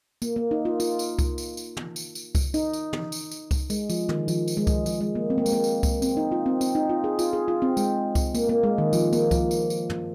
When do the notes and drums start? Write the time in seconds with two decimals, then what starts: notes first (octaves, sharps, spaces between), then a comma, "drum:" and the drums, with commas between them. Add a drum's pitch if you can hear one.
0.22 A#3, drum: tambourine
0.36 A#3
0.51 D#4
0.65 F4
0.80 F4, drum: tambourine
0.99 drum: tambourine
1.19 drum: kick C2, tambourine
1.38 drum: tambourine
1.57 drum: tambourine
1.77 drum: tom
1.96 drum: tambourine
2.15 drum: tambourine
2.35 drum: kick C2, tambourine
2.54 D#4, drum: tambourine
2.73 drum: tambourine
2.93 drum: tom
3.12 drum: tambourine
3.31 drum: tambourine
3.51 drum: kick C2, tambourine
3.70 G#3, drum: tambourine
3.90 F3, drum: tambourine
4.09 D#3, drum: tom
4.28 F3, drum: tambourine
4.48 drum: tambourine
4.57 G#3
4.67 drum: kick C2, tambourine
4.86 F3, drum: tambourine
5.01 G#3
5.15 A#3
5.30 C4
5.38 A#3
5.46 G#3, drum: tambourine
5.53 A#3
5.64 drum: tambourine
5.83 drum: kick C2, tambourine
6.02 C4, drum: tambourine
6.17 D#4
6.32 F4
6.46 C4
6.61 C4, drum: tambourine
6.75 D#4
6.89 F4
7.04 G#4
7.19 F4, drum: tambourine
7.33 G#4
7.48 F4
7.62 C4
7.77 G#3, drum: tambourine
8.15 drum: kick C2, tambourine
8.35 A#3, drum: tambourine
8.49 A#3
8.63 G#3
8.78 D#3
8.93 F3, drum: tambourine
9.13 A#3, drum: tambourine
9.31 F3, drum: kick C2, tambourine
9.51 drum: tambourine
9.70 drum: tambourine
9.90 drum: tom